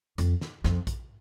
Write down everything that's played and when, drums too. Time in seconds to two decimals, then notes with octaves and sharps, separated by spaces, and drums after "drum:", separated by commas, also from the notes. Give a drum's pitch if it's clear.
0.18 F2, drum: hi-hat
0.41 drum: snare
0.64 F2, drum: snare
0.87 drum: kick A#1, hi-hat